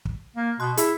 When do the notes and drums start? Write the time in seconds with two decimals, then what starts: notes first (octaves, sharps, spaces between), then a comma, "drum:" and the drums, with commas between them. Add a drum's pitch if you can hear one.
0.05 drum: kick
0.36 A#3
0.60 B2 C6 F#6
0.77 E4 G#4, drum: hi-hat